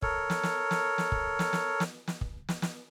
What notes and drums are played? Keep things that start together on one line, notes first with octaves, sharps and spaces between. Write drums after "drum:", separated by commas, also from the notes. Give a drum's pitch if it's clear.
A4 A#4 C#5, drum: kick
drum: snare
drum: snare
drum: snare
drum: snare
drum: kick
drum: snare
drum: snare
drum: snare
drum: snare
drum: kick
drum: snare
drum: snare